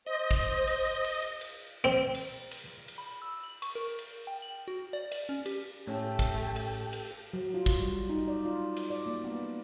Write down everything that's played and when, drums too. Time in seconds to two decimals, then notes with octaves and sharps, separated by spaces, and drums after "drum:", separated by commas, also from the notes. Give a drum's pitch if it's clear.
0.07 C5 D#5
0.31 drum: kick, cymbal
0.67 drum: cymbal
1.04 drum: cymbal
1.41 drum: cymbal
1.84 C4
2.15 drum: cymbal
2.51 drum: cymbal
2.88 drum: cymbal
2.98 B5
3.22 E6
3.43 F#7
3.62 C#6, drum: cymbal
3.75 A#4
3.98 drum: cymbal
4.27 G5
4.42 F#7
4.68 F#4
4.93 D5
5.12 D5, drum: cymbal
5.29 C#4
5.46 G4, drum: cymbal
5.87 A2 A3 C#4 G4 A4 G5
6.19 drum: kick, cymbal
6.56 drum: cymbal
6.93 drum: cymbal
7.33 F#3
7.54 F4
7.66 drum: kick, cymbal
7.80 G3
8.09 D#4
8.28 D5
8.45 F4
8.77 drum: cymbal
8.90 D5
9.06 A#3
9.24 B3